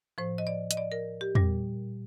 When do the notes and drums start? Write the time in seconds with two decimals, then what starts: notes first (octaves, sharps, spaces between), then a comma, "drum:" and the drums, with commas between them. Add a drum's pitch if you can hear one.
0.18 A2 F3 C5
0.38 D#5
0.47 D5
0.71 D#5, drum: hi-hat
0.77 D5
0.92 A#4
1.21 G4
1.35 A#2 G3, drum: tom